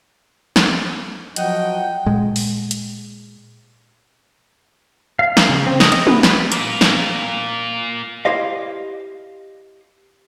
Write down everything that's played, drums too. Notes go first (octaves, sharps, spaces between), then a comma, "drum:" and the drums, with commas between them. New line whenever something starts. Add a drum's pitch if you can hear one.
drum: snare
F3 F#3 D#5 F#5 G5, drum: hi-hat
A#2 G#3
drum: open hi-hat
drum: hi-hat
F5
A#5, drum: snare
C#3
C4
D#5, drum: snare
D#5, drum: cymbal
B4, drum: tom
B4, drum: snare
A#3 F4, drum: hi-hat
drum: snare
E4 G4 C5 D#5 F5